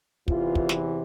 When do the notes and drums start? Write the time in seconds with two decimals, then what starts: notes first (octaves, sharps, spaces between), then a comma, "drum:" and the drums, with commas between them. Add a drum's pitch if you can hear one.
0.28 E2 C3 E3 F4, drum: kick
0.55 drum: kick
0.69 drum: snare